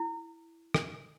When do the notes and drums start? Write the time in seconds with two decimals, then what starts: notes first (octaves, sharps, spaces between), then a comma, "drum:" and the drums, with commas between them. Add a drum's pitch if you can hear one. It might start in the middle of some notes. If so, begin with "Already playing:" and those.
Already playing: E4
0.74 drum: rim click